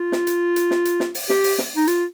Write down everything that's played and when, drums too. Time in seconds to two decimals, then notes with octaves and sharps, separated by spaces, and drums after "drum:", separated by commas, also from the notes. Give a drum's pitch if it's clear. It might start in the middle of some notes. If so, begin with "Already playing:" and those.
Already playing: F4
0.12 drum: snare
0.27 drum: hi-hat
0.56 drum: hi-hat
0.71 drum: snare
0.85 drum: hi-hat
1.00 drum: snare
1.15 drum: open hi-hat
1.29 G4, drum: snare
1.44 drum: open hi-hat
1.58 drum: snare
1.76 D#4
1.87 F4, drum: hi-hat